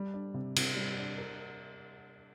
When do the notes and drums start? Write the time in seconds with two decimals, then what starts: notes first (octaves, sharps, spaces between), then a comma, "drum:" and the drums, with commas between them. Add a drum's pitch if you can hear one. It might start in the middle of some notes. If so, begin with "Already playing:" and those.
Already playing: G3
0.14 D4
0.34 C3
0.56 C3, drum: cymbal
0.77 G3
0.97 D4
1.18 A#4